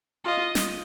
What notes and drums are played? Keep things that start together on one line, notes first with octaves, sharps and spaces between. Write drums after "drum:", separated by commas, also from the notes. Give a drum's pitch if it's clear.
F4 D#5
drum: snare